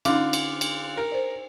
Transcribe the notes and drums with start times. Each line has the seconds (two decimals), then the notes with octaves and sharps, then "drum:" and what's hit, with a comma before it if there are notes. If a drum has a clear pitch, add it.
0.05 D3 C#4 D#4 F4 D6, drum: cymbal
0.33 drum: cymbal
0.61 drum: cymbal
0.97 A#4
1.12 C5 D5